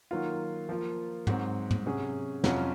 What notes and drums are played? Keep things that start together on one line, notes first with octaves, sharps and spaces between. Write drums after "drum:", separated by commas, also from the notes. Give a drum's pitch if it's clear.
D#3 F#3 A#3 F4
F3 A#3 F4
G#2 F#3 C4, drum: tom
drum: tom
C3 F#3 C#4 G#4
F2 C3 F#3 C#4 F4, drum: snare